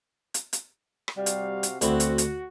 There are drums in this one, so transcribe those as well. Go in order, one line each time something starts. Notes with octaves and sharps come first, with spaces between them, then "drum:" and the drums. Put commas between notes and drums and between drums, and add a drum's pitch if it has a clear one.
drum: hi-hat
drum: hi-hat
drum: rim click
C3 G3 F#4 F5
drum: hi-hat
drum: hi-hat
D2 C4 E4 F#4, drum: hi-hat
drum: hi-hat
drum: hi-hat